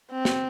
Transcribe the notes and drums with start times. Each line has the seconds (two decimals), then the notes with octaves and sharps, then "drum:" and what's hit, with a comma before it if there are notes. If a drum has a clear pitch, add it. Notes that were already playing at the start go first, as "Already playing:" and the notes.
0.11 C4
0.25 drum: snare